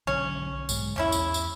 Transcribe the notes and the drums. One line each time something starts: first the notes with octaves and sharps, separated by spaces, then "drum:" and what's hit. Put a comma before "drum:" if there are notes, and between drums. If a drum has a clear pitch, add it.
B1 D3 F#3 C#4
B1 G#2 G#3, drum: tambourine
E2 C#3 C#4 E4
drum: tambourine
drum: tambourine